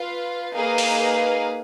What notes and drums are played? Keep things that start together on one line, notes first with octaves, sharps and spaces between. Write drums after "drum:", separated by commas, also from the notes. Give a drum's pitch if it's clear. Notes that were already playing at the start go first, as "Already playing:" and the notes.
Already playing: F4 B4 F5
A#3 D#4 G#4 B4 F5
drum: open hi-hat